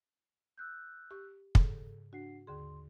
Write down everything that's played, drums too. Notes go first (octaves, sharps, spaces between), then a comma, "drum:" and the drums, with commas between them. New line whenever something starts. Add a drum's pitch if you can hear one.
E6 F#6 G6
G4 C#6
G#2 C#3 A4, drum: kick
D4 F#4 F#5 C7
D#2 D3 G#4 C6